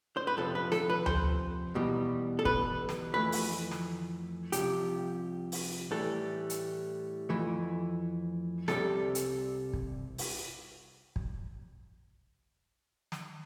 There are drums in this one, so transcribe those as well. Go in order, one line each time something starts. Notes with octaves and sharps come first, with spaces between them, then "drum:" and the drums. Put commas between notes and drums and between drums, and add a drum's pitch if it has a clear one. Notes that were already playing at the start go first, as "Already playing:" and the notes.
C5
B4
F2 C3 F3 A4
B4
A4, drum: snare
B4
C5, drum: tom D2
E2 B2 G3
A4
B4, drum: kick
drum: snare
F2 E3 A3 B4
drum: open hi-hat
drum: snare
C2 C3 F3 G4, drum: hi-hat
drum: open hi-hat
A2 E3 G3 A4
drum: hi-hat
F2 E3 A3
C2 C3 G3 A4, drum: snare
drum: hi-hat
drum: kick
drum: open hi-hat
drum: kick
drum: snare